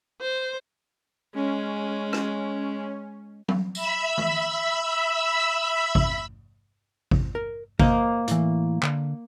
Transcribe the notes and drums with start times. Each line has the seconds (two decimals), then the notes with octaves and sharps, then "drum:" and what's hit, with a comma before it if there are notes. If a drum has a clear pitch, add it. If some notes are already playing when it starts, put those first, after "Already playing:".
0.21 C5
1.35 G#3 C#4
2.13 drum: rim click
3.48 drum: tom F#3
3.75 E5 B5 E6, drum: tambourine
4.18 drum: tom D#3
5.95 drum: kick
7.11 drum: kick
7.35 A#4
7.79 A#3 A#4 C5 D#5, drum: kick
8.28 A2 E3, drum: hi-hat
8.83 D3, drum: clap